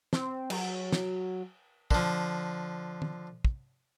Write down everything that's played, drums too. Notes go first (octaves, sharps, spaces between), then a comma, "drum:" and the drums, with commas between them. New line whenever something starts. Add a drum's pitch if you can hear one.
C4, drum: snare
F#3, drum: cymbal
drum: snare
D3 F3, drum: kick
drum: tom
drum: kick